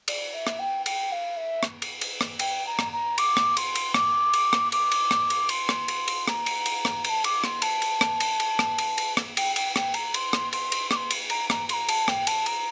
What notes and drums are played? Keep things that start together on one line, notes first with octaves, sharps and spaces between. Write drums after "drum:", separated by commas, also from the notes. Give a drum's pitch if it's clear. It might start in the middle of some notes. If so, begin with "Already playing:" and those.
D5, drum: cymbal
E5
drum: rim click
G5
G5, drum: cymbal
F5
E5
drum: rim click
drum: cymbal
drum: cymbal
drum: rim click
G5, drum: cymbal
A#5
drum: rim click
A#5
D6, drum: cymbal
drum: rim click
C6, drum: cymbal
drum: cymbal
D6, drum: rim click
drum: cymbal
drum: rim click
D6, drum: cymbal
drum: cymbal
drum: rim click
drum: cymbal
C6, drum: cymbal
drum: rim click
drum: cymbal
drum: cymbal
A#5, drum: rim click
drum: cymbal
drum: cymbal
drum: rim click
A#5, drum: cymbal
A5
D6, drum: cymbal
C6, drum: rim click
A5, drum: cymbal
drum: cymbal
drum: rim click
drum: cymbal
drum: cymbal
drum: rim click
drum: cymbal
drum: cymbal
drum: rim click
G5, drum: cymbal
G5, drum: cymbal
G5, drum: rim click
A#5, drum: cymbal
C6, drum: cymbal
drum: rim click
C6, drum: cymbal
drum: cymbal
D6, drum: rim click
C6
drum: cymbal
A#5, drum: cymbal
A#5, drum: rim click
C6, drum: cymbal
A#5
A5, drum: cymbal
G5, drum: rim click
A5, drum: cymbal
A#5, drum: cymbal